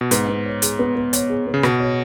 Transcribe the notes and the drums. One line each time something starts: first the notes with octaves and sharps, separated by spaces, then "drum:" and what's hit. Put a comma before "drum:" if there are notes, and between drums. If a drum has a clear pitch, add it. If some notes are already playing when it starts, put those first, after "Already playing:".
B2
G#2 B3, drum: hi-hat
B3
C#5
G#4, drum: hi-hat
B3
B3
C#5, drum: hi-hat
G#4
B3
C#3
B2 B3, drum: rim click
C#5